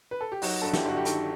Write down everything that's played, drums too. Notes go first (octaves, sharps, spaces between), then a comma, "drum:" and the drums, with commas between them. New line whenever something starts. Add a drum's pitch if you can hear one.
B4
A4
G4
F#3 D#4 F#4, drum: open hi-hat
G2 A4
E4 G4, drum: snare
G1 F#4
G4
D#3 F#4 A4, drum: hi-hat